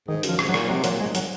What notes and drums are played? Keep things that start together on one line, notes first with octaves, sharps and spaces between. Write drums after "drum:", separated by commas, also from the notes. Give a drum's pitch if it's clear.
G#2 D#3
F#2, drum: hi-hat
F3
G#2, drum: rim click
F#3
A#2, drum: rim click
C3 F#3
A#2 F#3, drum: hi-hat
G#2 G#3
F#3, drum: hi-hat